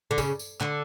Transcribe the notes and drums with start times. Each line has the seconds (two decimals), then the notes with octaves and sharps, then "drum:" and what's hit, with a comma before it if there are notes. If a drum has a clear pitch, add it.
0.11 D3
0.18 C#3, drum: kick, tambourine
0.39 drum: tambourine
0.61 D3, drum: clap